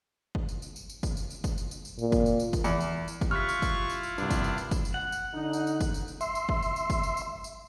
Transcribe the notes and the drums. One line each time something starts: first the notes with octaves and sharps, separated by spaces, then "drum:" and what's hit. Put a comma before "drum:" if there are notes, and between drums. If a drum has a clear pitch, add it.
drum: kick
drum: tambourine
drum: tambourine
drum: tambourine
drum: tambourine
drum: kick, tambourine
drum: tambourine
drum: tambourine
drum: kick, tambourine
drum: tambourine
drum: tambourine
drum: tambourine
A#2, drum: tambourine
drum: kick, tambourine
drum: tambourine
drum: tambourine
drum: kick, tambourine
E2, drum: tambourine
drum: tambourine
drum: tambourine
drum: kick, tambourine
E4 F4 G4 C6 C#6 F6 F#6 B6
drum: tambourine
drum: kick, tambourine
drum: tambourine
drum: tambourine
C2 G2 D4, drum: tambourine
drum: kick, tambourine
drum: tambourine
drum: tambourine
drum: kick, tambourine
drum: tambourine
F#5
drum: tambourine
D3 D#4
drum: tambourine
drum: tambourine
drum: kick, tambourine
drum: tambourine
drum: tambourine
E5 C6, drum: tambourine
drum: tambourine
drum: kick
drum: tambourine
drum: tambourine
drum: kick, tambourine
drum: tambourine
drum: tambourine
drum: tambourine